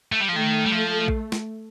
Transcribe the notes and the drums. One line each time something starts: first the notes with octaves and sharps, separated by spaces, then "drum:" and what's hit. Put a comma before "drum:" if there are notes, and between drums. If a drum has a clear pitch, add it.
A3
G3
F3
D#3 A3
G3
F3
drum: kick A#1
drum: snare